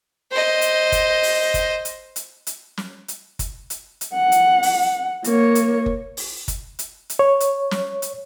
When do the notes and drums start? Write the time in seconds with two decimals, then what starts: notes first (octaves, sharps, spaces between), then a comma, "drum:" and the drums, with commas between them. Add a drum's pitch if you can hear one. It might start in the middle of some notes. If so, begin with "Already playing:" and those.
0.31 C5 D#5
0.61 drum: hi-hat
0.92 drum: kick F#1, hi-hat
1.23 drum: open hi-hat
1.54 drum: kick F#1, hi-hat
1.85 drum: hi-hat
2.16 drum: hi-hat
2.47 drum: hi-hat
2.77 drum: snare
3.08 drum: hi-hat
3.39 drum: kick F#1, hi-hat
3.70 drum: hi-hat
4.01 drum: hi-hat
4.14 F#5
4.32 drum: hi-hat
4.63 drum: open hi-hat
5.24 A#3 C#5, drum: hi-hat
5.55 drum: hi-hat
5.86 drum: kick F#1
6.17 drum: open hi-hat
6.48 drum: kick F#1, hi-hat
6.79 drum: hi-hat
7.10 drum: hi-hat
7.19 C#5
7.40 drum: hi-hat
7.71 drum: snare
8.02 drum: hi-hat